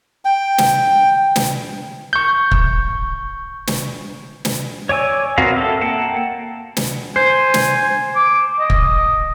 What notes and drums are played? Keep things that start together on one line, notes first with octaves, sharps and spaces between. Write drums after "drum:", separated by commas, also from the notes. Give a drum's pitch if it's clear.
G5
drum: snare
drum: snare
C#6 G6
drum: kick
drum: snare
drum: snare
C#5 D5 G#5 E6
B3 C4 F#4 A#4 F5
A4 E5
A#3 F#5 G5 A5
drum: snare
C5 G#5
drum: snare
D6
D#5
drum: kick